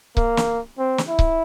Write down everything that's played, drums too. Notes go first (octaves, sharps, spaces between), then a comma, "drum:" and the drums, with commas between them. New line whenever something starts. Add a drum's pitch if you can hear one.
A#3, drum: kick C#1
drum: snare
C4
drum: snare
E4
drum: kick C#1